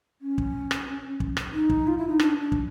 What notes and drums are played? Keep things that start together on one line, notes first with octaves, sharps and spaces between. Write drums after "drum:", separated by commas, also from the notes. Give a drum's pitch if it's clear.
C#4
drum: kick
drum: rim click
drum: kick
drum: rim click
D#4
drum: kick
F4
E4
D#4
D4, drum: rim click
D4
drum: kick